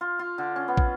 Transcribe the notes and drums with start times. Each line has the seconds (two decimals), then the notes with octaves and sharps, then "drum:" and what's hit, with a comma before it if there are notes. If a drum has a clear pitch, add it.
0.01 F4
0.19 F4
0.38 D3
0.56 C#4
0.68 B3
0.77 drum: kick